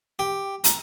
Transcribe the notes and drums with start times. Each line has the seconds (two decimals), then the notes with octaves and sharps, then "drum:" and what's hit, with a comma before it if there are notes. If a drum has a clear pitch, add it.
0.19 G4
0.64 A#5, drum: hi-hat